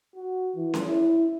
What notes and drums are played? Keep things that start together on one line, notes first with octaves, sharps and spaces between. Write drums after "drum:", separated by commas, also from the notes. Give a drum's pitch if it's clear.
F#4
E3
drum: snare C#4
E4